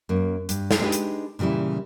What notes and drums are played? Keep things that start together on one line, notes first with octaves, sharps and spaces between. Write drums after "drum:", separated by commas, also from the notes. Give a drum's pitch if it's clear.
F#2 A#3
G2, drum: hi-hat
drum: snare
G#3 B3 D4 D#4 G4 B4
drum: hi-hat
A#2 C#3 E3 G3 E4